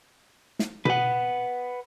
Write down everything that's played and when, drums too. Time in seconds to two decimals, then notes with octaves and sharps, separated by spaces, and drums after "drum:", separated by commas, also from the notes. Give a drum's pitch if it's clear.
0.59 drum: snare
0.85 B4 F#5, drum: tom B2